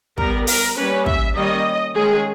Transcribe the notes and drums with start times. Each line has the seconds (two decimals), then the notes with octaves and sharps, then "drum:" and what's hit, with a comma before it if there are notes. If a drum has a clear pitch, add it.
0.18 G3 B3 A#4, drum: kick
0.47 A#4, drum: open hi-hat
0.77 G3 A#3 C#4 B4
1.06 E5, drum: kick
1.36 D#3 G3 A#3 C#4 D#5
1.94 D#3 G#3 C#4 G#4